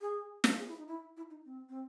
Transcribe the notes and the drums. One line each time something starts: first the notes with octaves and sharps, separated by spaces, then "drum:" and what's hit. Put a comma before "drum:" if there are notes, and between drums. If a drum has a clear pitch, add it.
G#4
drum: snare
G#4
E4
D#4
E4
E4
D#4
C4
C4